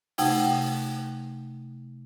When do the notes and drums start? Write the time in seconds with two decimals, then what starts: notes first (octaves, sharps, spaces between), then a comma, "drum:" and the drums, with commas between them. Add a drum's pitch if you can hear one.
0.18 C3 A3 D#4 F#5 G5 G#6, drum: open hi-hat